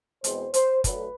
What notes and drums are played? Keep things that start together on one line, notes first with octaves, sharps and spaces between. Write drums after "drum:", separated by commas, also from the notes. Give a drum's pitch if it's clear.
E2 B2 G#3 C4 C5, drum: hi-hat
C5, drum: hi-hat
D2 D3 F#3 A3 B4, drum: kick, hi-hat